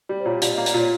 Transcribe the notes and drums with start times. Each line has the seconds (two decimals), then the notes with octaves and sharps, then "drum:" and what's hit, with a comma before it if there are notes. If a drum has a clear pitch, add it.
0.09 G3 D5
0.20 C5
0.26 A#2 C#5
0.42 A#2 D5, drum: hi-hat
0.54 A#3 D#5
0.66 D5, drum: hi-hat
0.74 A#2 C#5